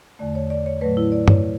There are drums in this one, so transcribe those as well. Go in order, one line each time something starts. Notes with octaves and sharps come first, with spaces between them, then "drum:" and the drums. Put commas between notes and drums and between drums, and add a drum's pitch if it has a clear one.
E2 D3 A3 D5
C#5
D5
C#5
A2 F#3 A3 B4
E4
D5
C#5, drum: tom G2